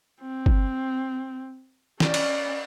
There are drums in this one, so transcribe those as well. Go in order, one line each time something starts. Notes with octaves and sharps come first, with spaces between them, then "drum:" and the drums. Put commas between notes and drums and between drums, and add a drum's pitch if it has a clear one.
C4
drum: kick G1
C#4 D5, drum: snare
drum: cymbal